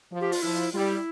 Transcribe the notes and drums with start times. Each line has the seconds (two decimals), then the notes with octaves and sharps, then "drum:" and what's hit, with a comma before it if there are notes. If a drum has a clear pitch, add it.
0.12 F3
0.21 G4
0.32 F4, drum: open hi-hat
0.42 F3 E4
0.73 G3 E4 F4